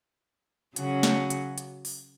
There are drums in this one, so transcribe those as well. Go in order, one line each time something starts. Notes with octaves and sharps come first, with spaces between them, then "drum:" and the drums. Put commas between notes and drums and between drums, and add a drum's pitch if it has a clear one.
C#3 F#3 C#4 F#4, drum: hi-hat
drum: snare
drum: hi-hat
drum: hi-hat
drum: open hi-hat